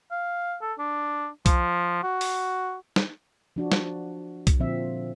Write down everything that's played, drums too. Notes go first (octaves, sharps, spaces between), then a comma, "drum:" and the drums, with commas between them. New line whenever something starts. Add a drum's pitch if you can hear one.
F5
A4
D4
F3, drum: kick B1, hi-hat
F#4
drum: open hi-hat
drum: snare
F3 D4 F#4
drum: snare
drum: kick B1, hi-hat
A#2 D3 F3 C4 E5